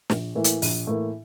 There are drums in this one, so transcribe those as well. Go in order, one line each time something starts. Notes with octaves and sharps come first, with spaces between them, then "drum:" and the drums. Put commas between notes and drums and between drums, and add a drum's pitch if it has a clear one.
A#1, drum: snare
A2 E3 A#3
drum: hi-hat
A#1, drum: open hi-hat
A2 E3 A#3